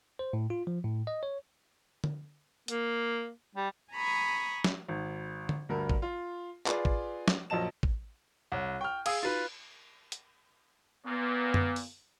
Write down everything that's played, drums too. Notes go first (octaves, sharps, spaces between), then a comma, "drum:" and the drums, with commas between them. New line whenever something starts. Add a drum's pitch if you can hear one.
C5
A2
F4
F3
A2
D#5
C#5
drum: tom D3
A#3, drum: hi-hat
G3
G#5 A#5 B5 C#6 D#6
drum: snare
G#1
drum: tom D3
D2 G2 A#4
drum: kick
F4
F4 G#4 B4 D5, drum: clap
drum: kick
drum: snare
A#1 F#2 D#5 A5 E7
drum: kick
C2 C#5 F#5
G5 C#6 F6
G#4 F5 D#6 E6, drum: cymbal
D#4 F4 F#4 B4 A6
drum: hi-hat
A#2 B3
drum: tom F#2
drum: open hi-hat